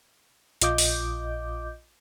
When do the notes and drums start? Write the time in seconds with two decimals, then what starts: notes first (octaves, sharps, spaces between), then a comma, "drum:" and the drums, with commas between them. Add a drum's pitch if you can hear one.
0.62 A#1 F4 D#5 D6 G6, drum: hi-hat
0.78 drum: open hi-hat